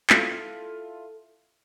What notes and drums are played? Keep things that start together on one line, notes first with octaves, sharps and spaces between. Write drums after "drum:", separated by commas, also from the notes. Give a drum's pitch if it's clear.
E4 F4 A4, drum: clap